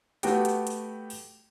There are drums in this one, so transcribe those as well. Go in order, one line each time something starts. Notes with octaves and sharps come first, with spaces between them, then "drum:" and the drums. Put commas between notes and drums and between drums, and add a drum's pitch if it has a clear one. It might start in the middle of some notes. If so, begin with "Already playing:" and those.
A3 B3 F#4 G4 G5, drum: hi-hat
drum: hi-hat
drum: hi-hat
drum: open hi-hat